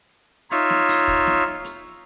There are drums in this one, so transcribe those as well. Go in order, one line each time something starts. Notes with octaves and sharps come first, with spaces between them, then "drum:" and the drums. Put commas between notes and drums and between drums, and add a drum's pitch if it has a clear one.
D#4 F4 C#5 E5, drum: hi-hat
drum: snare
drum: open hi-hat
drum: kick
drum: snare
drum: hi-hat